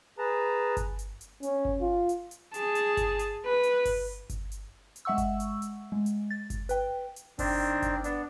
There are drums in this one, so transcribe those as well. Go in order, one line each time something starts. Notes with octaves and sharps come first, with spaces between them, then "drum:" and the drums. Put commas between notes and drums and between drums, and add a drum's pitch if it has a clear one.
G#4 B4 A5 A#5
drum: kick G1, hi-hat
drum: hi-hat
drum: hi-hat
C#4, drum: hi-hat
drum: kick G1
F4
drum: hi-hat
drum: hi-hat
G#4 A5, drum: hi-hat
drum: hi-hat
drum: kick G1, hi-hat
drum: hi-hat
B4
drum: hi-hat
drum: kick G1, open hi-hat
drum: kick G1, hi-hat
drum: hi-hat
drum: hi-hat
G#3 E5 F#5 C#6 E6
drum: kick G1, hi-hat
drum: hi-hat
drum: hi-hat
G#3
drum: hi-hat
A6
drum: kick G1, hi-hat
B4 G5, drum: hi-hat
drum: hi-hat
D#3 C4 D4, drum: kick G1, open hi-hat
drum: kick G1, hi-hat
B3 D4, drum: hi-hat